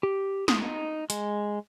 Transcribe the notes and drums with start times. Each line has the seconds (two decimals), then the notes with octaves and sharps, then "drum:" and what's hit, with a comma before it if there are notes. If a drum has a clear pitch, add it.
0.03 G4
0.48 D#6, drum: snare
0.62 D#4
1.10 G#3, drum: hi-hat